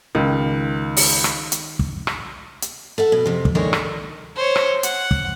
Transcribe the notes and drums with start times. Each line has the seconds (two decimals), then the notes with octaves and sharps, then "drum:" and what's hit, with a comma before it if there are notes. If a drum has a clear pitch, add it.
0.15 C#2 D#3
0.97 drum: open hi-hat
1.24 drum: rim click
1.52 drum: hi-hat
1.79 drum: kick
2.07 drum: rim click
2.62 drum: hi-hat
2.98 A4 E5 F#5
3.12 B2
3.26 F2 C3
3.45 drum: kick
3.55 D3 D#3 G#3 A#3 A#4 C#5
3.73 drum: rim click
4.36 C5 C#5
4.56 drum: rim click
4.83 F#5, drum: hi-hat
5.11 drum: kick